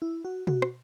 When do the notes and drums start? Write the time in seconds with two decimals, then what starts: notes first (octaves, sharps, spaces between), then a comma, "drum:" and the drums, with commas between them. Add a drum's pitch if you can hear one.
0.02 E4
0.25 F#4
0.47 F#4, drum: tom
0.62 drum: rim click